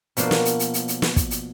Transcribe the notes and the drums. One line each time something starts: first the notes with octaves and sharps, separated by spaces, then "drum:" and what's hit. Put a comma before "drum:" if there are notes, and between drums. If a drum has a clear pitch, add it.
B2 F3 A#3 D4, drum: hi-hat
drum: snare
drum: hi-hat
drum: hi-hat
drum: hi-hat
drum: hi-hat
drum: snare
drum: kick, hi-hat
drum: hi-hat